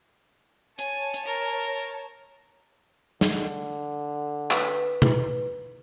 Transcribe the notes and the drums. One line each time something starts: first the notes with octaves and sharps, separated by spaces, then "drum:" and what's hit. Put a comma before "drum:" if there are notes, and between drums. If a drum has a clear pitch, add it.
C#5 G#5 A5, drum: hi-hat
drum: hi-hat
A#4
D3, drum: snare
B4, drum: clap
drum: tom B2